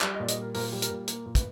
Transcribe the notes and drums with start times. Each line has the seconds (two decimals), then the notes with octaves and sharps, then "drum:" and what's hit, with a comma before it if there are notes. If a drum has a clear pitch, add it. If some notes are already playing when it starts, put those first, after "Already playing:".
0.01 G3 D5, drum: clap
0.14 D#5
0.20 A#2 D5
0.28 D#5, drum: hi-hat
0.37 G3 A#4
0.54 A#2 A#4, drum: open hi-hat
0.72 G3
0.82 A#4, drum: hi-hat
0.90 A#2
1.08 A#3, drum: hi-hat
1.26 A#2
1.35 B4, drum: kick, hi-hat